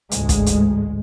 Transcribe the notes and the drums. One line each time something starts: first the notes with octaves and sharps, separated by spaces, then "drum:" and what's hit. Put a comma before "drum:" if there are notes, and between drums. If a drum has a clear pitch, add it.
A1 D2 G#2 G#3, drum: hi-hat
drum: kick, hi-hat
drum: hi-hat